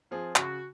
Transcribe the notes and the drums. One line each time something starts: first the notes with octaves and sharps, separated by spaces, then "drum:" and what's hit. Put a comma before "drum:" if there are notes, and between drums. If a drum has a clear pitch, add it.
F3 C4 F4 G#4
C#3 F#4, drum: clap